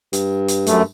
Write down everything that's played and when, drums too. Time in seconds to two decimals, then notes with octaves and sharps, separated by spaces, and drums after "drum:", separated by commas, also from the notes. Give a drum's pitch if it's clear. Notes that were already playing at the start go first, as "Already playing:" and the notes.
0.13 G2, drum: hi-hat
0.48 drum: hi-hat
0.67 F#2 A3, drum: hi-hat